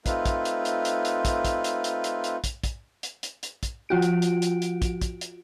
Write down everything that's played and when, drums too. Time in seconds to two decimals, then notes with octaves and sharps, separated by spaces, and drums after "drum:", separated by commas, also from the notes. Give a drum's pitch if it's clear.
0.06 A3 C4 D#4 F4 B4, drum: kick, hi-hat
0.26 drum: kick, hi-hat
0.45 drum: hi-hat
0.65 drum: hi-hat
0.85 drum: hi-hat
1.05 drum: hi-hat
1.25 drum: kick, hi-hat
1.45 drum: kick, hi-hat
1.64 drum: hi-hat
1.84 drum: hi-hat
2.04 drum: hi-hat
2.24 drum: hi-hat
2.44 drum: kick, hi-hat
2.64 drum: kick, hi-hat
3.03 drum: hi-hat
3.23 drum: hi-hat
3.43 drum: hi-hat
3.63 drum: kick, hi-hat
3.89 F3 F4 F#4 D7
4.02 drum: hi-hat
4.22 drum: hi-hat
4.42 drum: hi-hat
4.62 drum: hi-hat
4.82 drum: kick, hi-hat
5.01 drum: kick, hi-hat
5.21 drum: hi-hat